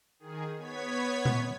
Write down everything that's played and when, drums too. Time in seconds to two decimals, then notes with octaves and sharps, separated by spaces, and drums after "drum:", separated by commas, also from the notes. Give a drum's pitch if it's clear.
0.19 D#3 G#4
0.57 B3 C#5 G#6 B6
1.25 drum: tom A#2